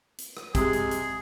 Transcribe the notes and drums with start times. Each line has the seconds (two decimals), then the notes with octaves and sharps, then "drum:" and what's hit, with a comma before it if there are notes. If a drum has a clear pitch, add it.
0.18 drum: hi-hat
0.37 drum: rim click
0.55 C3 G#3 G#4, drum: kick, hi-hat
0.73 drum: hi-hat
0.91 drum: hi-hat